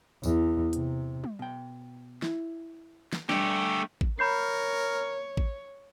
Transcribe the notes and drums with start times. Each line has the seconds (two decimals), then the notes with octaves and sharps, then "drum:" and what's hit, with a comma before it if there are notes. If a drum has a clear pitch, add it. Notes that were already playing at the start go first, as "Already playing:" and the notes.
0.23 E2, drum: tambourine
0.73 C3, drum: hi-hat
1.24 drum: tom
1.39 B2 G5
2.22 E4, drum: snare
3.13 drum: snare
3.29 G3 A3 D4 G4, drum: snare
4.01 drum: kick A1
4.19 A#4 C#5 B5 G6 C7
5.37 drum: kick A1